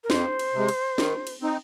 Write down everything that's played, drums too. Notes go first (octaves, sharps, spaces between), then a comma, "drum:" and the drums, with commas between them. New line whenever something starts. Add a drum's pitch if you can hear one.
A#4
F2 C5, drum: snare
drum: cymbal
C3 G#3
drum: cymbal
D#3, drum: snare
drum: cymbal
C4 D#4